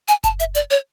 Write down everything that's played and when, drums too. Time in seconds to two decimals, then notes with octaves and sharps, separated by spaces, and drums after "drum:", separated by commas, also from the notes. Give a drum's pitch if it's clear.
0.08 G#5, drum: hi-hat
0.24 A5, drum: kick F#1, hi-hat
0.40 E5, drum: hi-hat
0.55 D5, drum: hi-hat
0.71 C#5